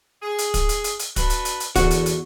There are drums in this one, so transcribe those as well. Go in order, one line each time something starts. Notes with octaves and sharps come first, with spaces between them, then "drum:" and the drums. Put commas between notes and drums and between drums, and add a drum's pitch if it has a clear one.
G#4
drum: hi-hat
drum: kick, hi-hat
drum: hi-hat
drum: hi-hat
drum: hi-hat
D4 F#4 B4, drum: kick, hi-hat
drum: hi-hat
drum: hi-hat
drum: hi-hat
E2 A2 D3 F#4, drum: kick, hi-hat
drum: hi-hat
drum: hi-hat